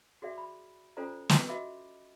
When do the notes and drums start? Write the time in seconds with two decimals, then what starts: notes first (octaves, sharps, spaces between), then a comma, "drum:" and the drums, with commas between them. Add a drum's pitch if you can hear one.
0.22 F#4 G#4 D5 E5
0.38 B5
0.97 C#4 F4 A4 C5 D5 A#5
1.29 drum: snare
1.49 F#4 D#5 E5 B5 D6